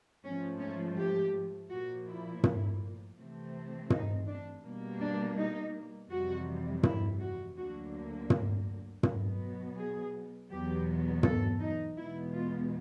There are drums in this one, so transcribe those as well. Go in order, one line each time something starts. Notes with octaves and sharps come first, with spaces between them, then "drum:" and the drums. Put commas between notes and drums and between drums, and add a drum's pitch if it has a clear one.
G#2 F3 A3 C#4
C#4
G4
A#2 F3 A#3 F#4
E4
drum: tom
C3 E3 A3 C4
D#4, drum: tom
D4
B2 G3 A#3
D4
D#4
F2 C3 E3 G3 F#4
E4, drum: tom
F#4
D2 D3 F#3 A#3 F#4
drum: tom
B2 F#3 B3, drum: tom
G#4
E2 B2 F#3 B3 G4
A4, drum: tom
D#4
E2 B2 G#3 B3 E4
F4